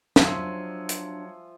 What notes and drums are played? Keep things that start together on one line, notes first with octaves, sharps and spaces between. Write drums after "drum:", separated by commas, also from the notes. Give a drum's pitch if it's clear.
F3 F#3 D4 E5 G#5, drum: snare
drum: hi-hat